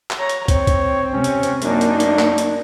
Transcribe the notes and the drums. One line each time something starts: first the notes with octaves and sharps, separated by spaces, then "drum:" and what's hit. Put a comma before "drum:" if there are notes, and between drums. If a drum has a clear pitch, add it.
drum: clap
C#5 A#5
drum: hi-hat
C4 C#5, drum: kick, hi-hat
drum: kick, hi-hat
C3 C#4
drum: hi-hat
drum: hi-hat
F#2 A#3 D4 D#4, drum: hi-hat
drum: hi-hat
drum: hi-hat
drum: clap
drum: hi-hat